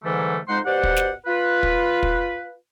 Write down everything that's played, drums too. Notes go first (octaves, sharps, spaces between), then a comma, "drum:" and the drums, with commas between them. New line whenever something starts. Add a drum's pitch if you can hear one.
G#2 D3 E3 F#3 G3 A3
F2 G#3 D#4 C5 F#5 C6
B2 G4 C5 D5 F#5
drum: kick
drum: snare
F4 B4
drum: kick
drum: kick